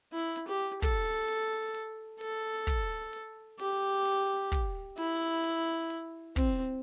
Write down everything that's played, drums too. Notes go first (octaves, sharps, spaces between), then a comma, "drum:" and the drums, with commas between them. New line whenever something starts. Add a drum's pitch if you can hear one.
E4
drum: hi-hat
G4
A4, drum: kick, hi-hat
drum: hi-hat
drum: hi-hat
A4, drum: hi-hat
drum: kick, hi-hat
drum: hi-hat
G4, drum: hi-hat
drum: hi-hat
drum: kick
E4, drum: hi-hat
drum: hi-hat
drum: hi-hat
C4, drum: kick, hi-hat